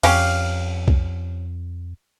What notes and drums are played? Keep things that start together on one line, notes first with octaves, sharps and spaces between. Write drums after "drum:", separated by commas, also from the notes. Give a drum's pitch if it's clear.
F2 C#4 G4 F5, drum: cymbal
drum: kick B1